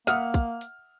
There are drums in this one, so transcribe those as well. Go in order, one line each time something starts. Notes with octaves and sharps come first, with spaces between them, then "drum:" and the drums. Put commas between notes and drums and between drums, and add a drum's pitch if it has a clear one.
A#3 E5 F#5 D#6 F6, drum: snare
drum: kick, hi-hat
drum: hi-hat